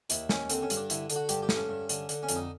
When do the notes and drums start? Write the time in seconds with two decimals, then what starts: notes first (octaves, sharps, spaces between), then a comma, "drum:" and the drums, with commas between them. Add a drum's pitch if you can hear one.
0.10 D#2 E4, drum: hi-hat
0.29 D#2 C#4, drum: snare
0.49 D3 C4, drum: hi-hat
0.62 C#4
0.70 G2, drum: hi-hat
0.76 D4
0.90 D3 E4, drum: hi-hat
1.10 D3, drum: hi-hat
1.16 F#4
1.29 G2 G4, drum: hi-hat
1.42 G4
1.49 D3, drum: snare
1.56 C#4
1.69 G2
1.89 D3, drum: hi-hat
2.09 D3, drum: hi-hat
2.23 C#4
2.29 F2, drum: hi-hat
2.35 D#4